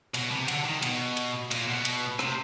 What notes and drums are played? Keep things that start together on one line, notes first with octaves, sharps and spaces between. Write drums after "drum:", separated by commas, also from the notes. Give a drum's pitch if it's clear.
B2, drum: cymbal
C3
D3, drum: cymbal
D#3
B2, drum: cymbal
drum: cymbal
A#2, drum: cymbal
B2
drum: cymbal
C3, drum: rim click